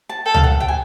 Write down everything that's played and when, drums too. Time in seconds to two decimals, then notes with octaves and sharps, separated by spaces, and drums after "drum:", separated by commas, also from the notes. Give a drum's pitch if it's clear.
0.09 A5
0.26 A4 G5
0.34 F5, drum: tom C#2
0.44 F#5
0.60 G5
0.68 G#5